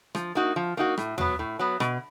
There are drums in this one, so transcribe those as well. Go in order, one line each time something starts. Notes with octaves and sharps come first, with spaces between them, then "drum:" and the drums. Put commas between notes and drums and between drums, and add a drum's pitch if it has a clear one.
F3, drum: rim click
A#3 D#4 F#4
F3
A#3 D#4 F#4
A2, drum: rim click
F#3 B3, drum: tom
A2
F#3 B3
B2, drum: rim click